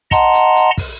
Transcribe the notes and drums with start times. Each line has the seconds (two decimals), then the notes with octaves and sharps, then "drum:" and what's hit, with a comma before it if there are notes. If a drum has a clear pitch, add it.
0.11 D#5 F#5 A5 A#5 C6, drum: kick, hi-hat
0.33 drum: hi-hat
0.55 drum: hi-hat
0.78 drum: kick, open hi-hat